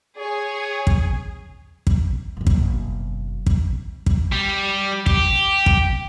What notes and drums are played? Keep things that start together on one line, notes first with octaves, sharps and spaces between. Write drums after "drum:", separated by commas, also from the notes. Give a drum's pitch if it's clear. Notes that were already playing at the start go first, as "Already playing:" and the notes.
G#4 C#5
drum: kick
drum: kick
F#1 B2
drum: kick
drum: kick
drum: kick
G3
G4, drum: kick
drum: kick